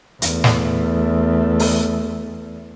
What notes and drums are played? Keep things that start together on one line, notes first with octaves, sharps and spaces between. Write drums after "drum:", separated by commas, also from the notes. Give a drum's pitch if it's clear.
E2 A3, drum: hi-hat
drum: snare
drum: open hi-hat